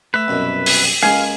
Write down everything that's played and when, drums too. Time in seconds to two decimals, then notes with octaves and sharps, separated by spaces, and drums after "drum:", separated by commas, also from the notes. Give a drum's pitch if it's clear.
0.14 A3 B4 E5
0.28 C2 F#2 B2
0.66 drum: open hi-hat
1.03 C#2 G#3 A#3 F5 G#5